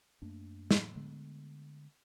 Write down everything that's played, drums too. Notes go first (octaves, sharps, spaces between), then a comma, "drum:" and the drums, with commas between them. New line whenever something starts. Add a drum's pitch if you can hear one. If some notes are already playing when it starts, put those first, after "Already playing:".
F#2 A3 A#3 D4
drum: snare
D3 G#3 A3 B3